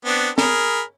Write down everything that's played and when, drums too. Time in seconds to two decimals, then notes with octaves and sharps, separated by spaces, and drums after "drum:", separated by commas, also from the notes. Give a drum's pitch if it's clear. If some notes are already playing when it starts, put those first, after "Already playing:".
0.05 B3 C4 D4
0.38 G#4 A#4 B5, drum: snare